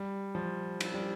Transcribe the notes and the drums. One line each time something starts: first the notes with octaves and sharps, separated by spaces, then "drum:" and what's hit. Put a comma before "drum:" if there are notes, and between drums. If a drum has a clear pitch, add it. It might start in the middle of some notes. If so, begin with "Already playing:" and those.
Already playing: G3
F3
drum: cymbal
G3